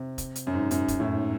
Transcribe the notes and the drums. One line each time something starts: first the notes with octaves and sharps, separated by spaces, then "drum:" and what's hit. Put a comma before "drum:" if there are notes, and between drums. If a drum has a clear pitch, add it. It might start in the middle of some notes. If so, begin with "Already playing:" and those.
Already playing: C3
drum: kick E1, hi-hat
drum: hi-hat
F#2
G#2
F#2, drum: hi-hat
drum: kick E1, hi-hat
A2
G#2